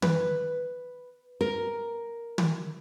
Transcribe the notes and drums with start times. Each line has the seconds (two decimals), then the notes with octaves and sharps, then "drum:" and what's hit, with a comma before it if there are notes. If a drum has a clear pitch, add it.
0.02 B4, drum: tom
1.41 A#4
2.38 drum: tom